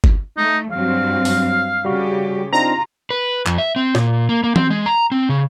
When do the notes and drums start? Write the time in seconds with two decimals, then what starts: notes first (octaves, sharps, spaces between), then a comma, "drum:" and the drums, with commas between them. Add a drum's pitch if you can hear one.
0.04 drum: kick G1
0.37 A3 D#4
0.72 G2 F#3 C4 F5
1.25 drum: open hi-hat
1.85 C#3 G3 F#4 G4
2.53 C4 D4 D#4 F4 A#5
3.10 B4
3.47 F2, drum: clap
3.58 E5
3.76 C4
3.95 A#2, drum: snare
4.29 A#3
4.44 A#3
4.56 C4, drum: tom E3
4.70 G#3
4.86 A#5
5.12 C4
5.29 C#3